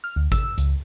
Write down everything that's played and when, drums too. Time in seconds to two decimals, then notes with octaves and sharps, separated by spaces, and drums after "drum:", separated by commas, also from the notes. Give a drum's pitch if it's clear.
0.04 F6
0.16 D2
0.32 E6, drum: kick G#1, hi-hat
0.58 C#2, drum: hi-hat